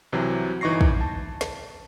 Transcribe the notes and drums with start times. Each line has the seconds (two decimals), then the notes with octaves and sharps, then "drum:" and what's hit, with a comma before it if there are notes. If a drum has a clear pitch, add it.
0.13 C2 C3 E3 F#3
0.61 G1 E3 D#4 C#6 A#6 C7
0.81 drum: kick
1.01 A5
1.41 drum: snare